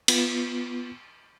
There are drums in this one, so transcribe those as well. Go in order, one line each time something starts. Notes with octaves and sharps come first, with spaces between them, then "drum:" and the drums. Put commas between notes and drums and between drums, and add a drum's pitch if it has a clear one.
B3 F4, drum: cymbal